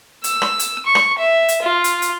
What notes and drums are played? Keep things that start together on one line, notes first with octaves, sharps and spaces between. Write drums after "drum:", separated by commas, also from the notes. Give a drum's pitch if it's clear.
E6, drum: hi-hat
drum: rim click
drum: hi-hat
C#6
drum: rim click
E5
drum: hi-hat
F4
drum: hi-hat
drum: hi-hat